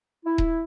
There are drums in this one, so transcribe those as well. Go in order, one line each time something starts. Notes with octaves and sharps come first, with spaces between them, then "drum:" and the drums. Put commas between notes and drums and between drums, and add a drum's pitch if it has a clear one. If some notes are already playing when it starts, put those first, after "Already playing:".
E4
drum: kick D#1